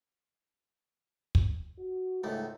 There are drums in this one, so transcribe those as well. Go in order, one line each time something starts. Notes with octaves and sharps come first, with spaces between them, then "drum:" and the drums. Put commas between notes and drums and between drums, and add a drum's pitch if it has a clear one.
drum: kick
F#4
C#2 G#2 D#3 A3